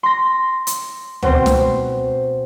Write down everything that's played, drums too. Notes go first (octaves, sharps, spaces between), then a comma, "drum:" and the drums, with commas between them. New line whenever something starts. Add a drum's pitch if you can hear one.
C6 A#6
drum: hi-hat
B2 C4 C5, drum: tom C#2
drum: snare